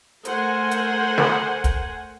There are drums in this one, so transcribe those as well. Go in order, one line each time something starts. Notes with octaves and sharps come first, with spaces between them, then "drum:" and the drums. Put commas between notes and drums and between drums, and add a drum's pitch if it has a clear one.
A3 A#4 C5 F#5 G#5, drum: hi-hat
drum: hi-hat
drum: snare
drum: kick, hi-hat